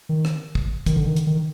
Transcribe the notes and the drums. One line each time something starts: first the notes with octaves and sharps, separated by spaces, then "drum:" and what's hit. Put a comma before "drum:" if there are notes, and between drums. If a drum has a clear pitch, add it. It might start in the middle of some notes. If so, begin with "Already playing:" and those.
D#3
drum: rim click
drum: kick
D#3, drum: kick, hi-hat
D3
D#3
drum: hi-hat
D#3